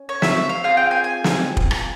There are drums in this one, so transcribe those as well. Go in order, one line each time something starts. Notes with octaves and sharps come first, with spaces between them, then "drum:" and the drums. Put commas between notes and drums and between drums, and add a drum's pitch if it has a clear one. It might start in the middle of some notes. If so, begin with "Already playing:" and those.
Already playing: C#4
C#5
E5, drum: snare
E5
F5
C4 F4 G#4 F5
G5
G#5
G#5
drum: snare
drum: kick
drum: rim click